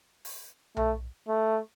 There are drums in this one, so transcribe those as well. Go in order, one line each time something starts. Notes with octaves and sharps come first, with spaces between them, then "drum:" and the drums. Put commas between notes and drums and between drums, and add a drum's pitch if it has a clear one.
drum: open hi-hat
A3, drum: tom B1
A3